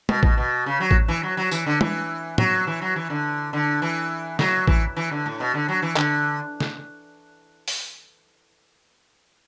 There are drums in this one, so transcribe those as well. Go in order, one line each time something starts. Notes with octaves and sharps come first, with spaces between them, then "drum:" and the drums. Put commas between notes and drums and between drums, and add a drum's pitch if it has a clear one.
B2, drum: tom
B2, drum: kick A1
B2
C#3
F#3
drum: kick A1
E3
F#3
F#3
E3, drum: tambourine
D3
E3, drum: tom
F#3, drum: tom
E3
F#3
E3
D3
D3
E3
F#3, drum: snare
E3, drum: kick A1
E3
D3
A2
B2
D3
F#3
E3
D3, drum: clap
drum: snare
drum: open hi-hat